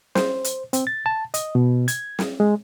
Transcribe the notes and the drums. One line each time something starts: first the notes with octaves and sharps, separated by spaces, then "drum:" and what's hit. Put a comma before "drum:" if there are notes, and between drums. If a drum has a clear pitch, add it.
C5, drum: snare
drum: hi-hat
C4, drum: hi-hat
A6
A5
D#5, drum: hi-hat
B2
G#6, drum: hi-hat
drum: snare
G#3